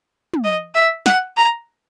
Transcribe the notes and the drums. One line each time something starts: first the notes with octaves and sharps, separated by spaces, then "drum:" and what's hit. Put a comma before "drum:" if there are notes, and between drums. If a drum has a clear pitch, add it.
drum: tom
D#5
E5
F#5, drum: snare
A#5